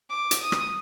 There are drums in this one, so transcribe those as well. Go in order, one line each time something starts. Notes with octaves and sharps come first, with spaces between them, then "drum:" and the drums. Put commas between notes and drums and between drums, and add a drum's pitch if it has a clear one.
D6
drum: hi-hat
D#6
drum: rim click